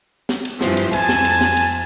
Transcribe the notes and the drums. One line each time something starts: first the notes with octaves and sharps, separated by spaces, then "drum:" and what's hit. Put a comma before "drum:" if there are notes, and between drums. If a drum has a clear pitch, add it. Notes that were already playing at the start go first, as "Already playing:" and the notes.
drum: snare
drum: cymbal
G2 E3 F3, drum: snare
drum: cymbal
F2 G#5 A5, drum: cymbal
drum: snare
drum: cymbal
drum: snare
drum: cymbal